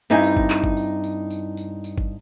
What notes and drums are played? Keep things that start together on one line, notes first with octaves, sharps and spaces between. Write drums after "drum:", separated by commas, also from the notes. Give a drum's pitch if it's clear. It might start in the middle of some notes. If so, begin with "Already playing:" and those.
G2 C4 D#4 E4 D#5 G#5
drum: tambourine
drum: kick G1
drum: clap
drum: kick G1
drum: tambourine
drum: tambourine
drum: tambourine
drum: tambourine
drum: tambourine
drum: kick G1